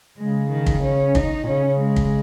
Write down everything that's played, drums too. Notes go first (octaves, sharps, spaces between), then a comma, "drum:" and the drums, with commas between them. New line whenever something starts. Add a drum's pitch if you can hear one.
C#3 G#3
D#3
drum: kick
C#4
D#4, drum: kick
A#2
C#3 C#4
C#3
G#3
drum: kick